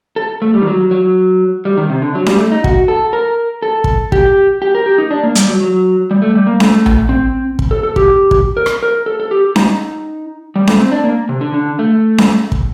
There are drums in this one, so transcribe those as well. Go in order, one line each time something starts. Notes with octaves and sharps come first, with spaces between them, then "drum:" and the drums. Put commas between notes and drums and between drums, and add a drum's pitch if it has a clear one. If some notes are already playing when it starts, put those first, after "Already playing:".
A4
A3
G3
D#3
F#3
F#3
G3
D#3
C3
D3
F#3
G3, drum: snare C#4
A3
D#4
F#4, drum: kick
A4
A#4
A4
drum: kick
G4, drum: kick
G4
A#4
G4
D#4
D4
A#3
G3, drum: hi-hat
F#3
F#3
G3
A3
G3
A#3
A3, drum: snare C#4
drum: tom A#1
C4
drum: kick
A4
A4
G4, drum: kick
drum: kick
A#4
drum: rim click
A#4
A4
A4
G4
D#4, drum: snare C#4
G3
A3, drum: snare C#4
C4
D4
A#3
C3
D3
D3
A3
drum: snare C#4
drum: kick